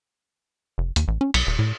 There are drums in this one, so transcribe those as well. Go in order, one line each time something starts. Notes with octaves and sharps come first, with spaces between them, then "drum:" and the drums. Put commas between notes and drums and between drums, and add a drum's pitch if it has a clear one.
F1
D#2, drum: hi-hat
A1
C#4
B1, drum: cymbal
D#1
A2